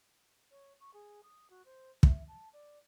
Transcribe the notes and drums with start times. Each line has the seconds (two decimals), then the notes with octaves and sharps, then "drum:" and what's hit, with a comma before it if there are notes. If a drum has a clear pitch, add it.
0.51 C#5
0.80 C#6
0.94 G#4
1.23 D#6
1.50 F#4
1.65 C5
2.03 E5, drum: kick
2.28 A5
2.53 D5